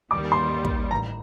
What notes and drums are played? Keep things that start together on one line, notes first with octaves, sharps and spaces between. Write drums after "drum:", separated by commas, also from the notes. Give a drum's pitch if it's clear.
D#2 D#3 G3 D6
C6
drum: kick
A1 A#5